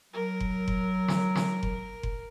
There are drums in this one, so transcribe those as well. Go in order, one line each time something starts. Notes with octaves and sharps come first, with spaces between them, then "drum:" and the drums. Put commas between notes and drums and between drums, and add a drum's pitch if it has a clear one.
F#3 A#4
drum: kick F#1
drum: kick F#1
drum: snare
drum: snare
drum: kick F#1
drum: kick F#1